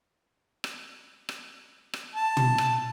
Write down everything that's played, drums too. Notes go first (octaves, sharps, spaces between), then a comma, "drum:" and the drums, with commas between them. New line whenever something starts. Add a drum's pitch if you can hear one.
drum: rim click
drum: rim click
drum: rim click
A5
drum: tom
drum: rim click